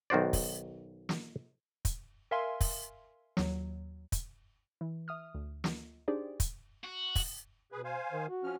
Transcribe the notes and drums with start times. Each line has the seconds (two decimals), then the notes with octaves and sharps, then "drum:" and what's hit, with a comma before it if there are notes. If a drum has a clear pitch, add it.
0.10 B1 D#3 F#4 C5 D5
0.33 drum: kick, open hi-hat
1.09 drum: snare
1.85 drum: kick, hi-hat
2.31 A#4 E5 F5 G#5 C6
2.61 drum: kick, open hi-hat
3.37 D#2 F#3, drum: snare
4.12 drum: kick, hi-hat
4.81 E3
5.08 E5 D#6 F6
5.35 D2
5.64 drum: snare
6.08 D4 D#4 G4 G#4 C5 D5
6.40 drum: kick, hi-hat
6.84 F#4
7.15 drum: kick, open hi-hat
7.72 B2 G#4 B4
7.84 C5 F5 G#5
8.11 D#3
8.29 F#4
8.44 F3 C#4 F6